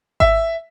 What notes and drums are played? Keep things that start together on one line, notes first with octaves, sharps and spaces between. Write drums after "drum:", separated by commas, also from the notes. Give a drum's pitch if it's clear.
E5, drum: kick G#1